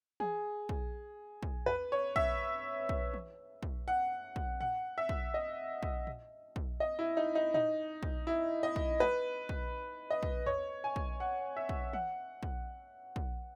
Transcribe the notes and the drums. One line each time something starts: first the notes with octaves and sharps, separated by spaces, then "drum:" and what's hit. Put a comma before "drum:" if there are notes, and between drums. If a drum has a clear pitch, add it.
G#4, drum: tom E3
drum: kick
drum: kick
B4, drum: tom E2
C#5
E5, drum: kick
drum: kick
drum: tom E3
drum: kick
F#5
drum: kick
F#5, drum: tom A#2
E5
drum: kick
D#5
drum: kick
drum: tom A#2
drum: kick
D#5
E4
D#4
D#4
D#4, drum: tom A#2
drum: kick
E4
D#5
drum: kick
B4, drum: tom
drum: kick
D#5
drum: kick
C#5, drum: tom E2
G#5
drum: kick
F#5
E5
drum: kick
F#5, drum: tom E3
drum: kick
drum: kick